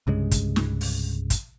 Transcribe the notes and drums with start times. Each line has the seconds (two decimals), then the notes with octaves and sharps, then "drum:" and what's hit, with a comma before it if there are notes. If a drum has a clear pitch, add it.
0.07 C2 G2 C#3 G#3
0.31 drum: kick, hi-hat
0.56 drum: snare
0.81 drum: open hi-hat
1.30 drum: kick, hi-hat